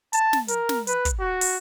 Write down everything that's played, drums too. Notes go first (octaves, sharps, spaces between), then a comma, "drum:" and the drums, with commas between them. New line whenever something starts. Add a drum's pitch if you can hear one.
A5, drum: hi-hat
drum: snare
A#4, drum: hi-hat
drum: snare
B4, drum: hi-hat
drum: kick, hi-hat
F#4
drum: open hi-hat